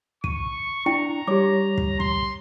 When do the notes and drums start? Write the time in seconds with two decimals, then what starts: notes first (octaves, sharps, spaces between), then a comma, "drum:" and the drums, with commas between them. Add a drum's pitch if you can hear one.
0.24 C#6 D#7, drum: kick
0.86 D4 E4 G5 A#5 C#7
1.28 G3 G4 C#5 D6
1.78 drum: kick
2.00 C6, drum: kick